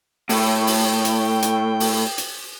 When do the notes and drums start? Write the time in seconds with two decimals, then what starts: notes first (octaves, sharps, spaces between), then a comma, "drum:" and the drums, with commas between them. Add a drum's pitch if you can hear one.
0.29 A2 G5, drum: open hi-hat
0.67 drum: open hi-hat
1.05 drum: hi-hat
1.42 drum: hi-hat
1.80 drum: open hi-hat
2.18 drum: hi-hat